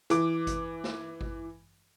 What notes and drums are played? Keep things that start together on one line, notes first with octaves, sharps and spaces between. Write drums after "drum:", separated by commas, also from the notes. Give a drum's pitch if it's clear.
E3 D6, drum: hi-hat
drum: kick G#1, hi-hat
drum: snare
drum: kick G#1